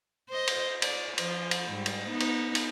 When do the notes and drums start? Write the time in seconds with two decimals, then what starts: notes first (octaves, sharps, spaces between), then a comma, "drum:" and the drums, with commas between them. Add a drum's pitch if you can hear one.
0.30 C5 D#5
0.47 drum: cymbal
0.82 D5, drum: cymbal
1.18 F3, drum: cymbal
1.51 drum: cymbal
1.70 G#2 G3
1.86 drum: cymbal
2.10 B3 D#4
2.20 drum: cymbal
2.55 drum: cymbal